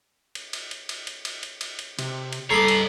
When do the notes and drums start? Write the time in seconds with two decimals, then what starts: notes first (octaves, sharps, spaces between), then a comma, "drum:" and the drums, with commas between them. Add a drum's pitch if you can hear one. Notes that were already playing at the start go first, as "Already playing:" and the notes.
0.35 drum: cymbal
0.53 drum: cymbal
0.71 drum: cymbal
0.89 drum: cymbal
1.07 drum: cymbal
1.25 drum: cymbal
1.43 drum: cymbal
1.61 drum: cymbal
1.79 drum: cymbal
1.99 C3, drum: cymbal
2.33 drum: cymbal
2.50 G2 A4 C#5 D#5 A#5 B5 D6 C7
2.68 drum: cymbal